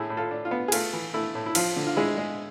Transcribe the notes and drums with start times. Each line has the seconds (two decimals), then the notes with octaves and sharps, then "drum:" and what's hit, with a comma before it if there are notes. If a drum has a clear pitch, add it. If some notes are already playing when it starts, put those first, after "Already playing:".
Already playing: A2 E4 G#4
0.10 A2
0.17 F4 A4
0.31 D4
0.45 F4
0.51 B3
0.68 G#4
0.72 A3 F4, drum: cymbal
0.93 E3
1.14 A3 E4
1.35 A2
1.46 E4
1.55 F3 F4, drum: cymbal
1.76 D3
1.87 F4
1.96 G#3 E4 G#4
2.17 G#3